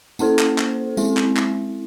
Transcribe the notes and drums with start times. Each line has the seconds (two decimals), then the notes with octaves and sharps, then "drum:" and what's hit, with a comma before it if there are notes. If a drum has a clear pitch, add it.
0.19 A#3 C#4 E4 A4 C5, drum: tambourine
0.39 drum: clap
0.58 drum: clap
0.97 G#3 C4 E4, drum: tambourine
1.17 drum: clap
1.37 drum: clap